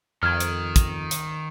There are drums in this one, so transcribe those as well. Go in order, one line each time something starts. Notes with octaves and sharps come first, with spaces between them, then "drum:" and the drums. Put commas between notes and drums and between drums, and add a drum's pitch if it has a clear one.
F2 D#3 F6 G#6
drum: hi-hat
drum: kick, hi-hat
drum: hi-hat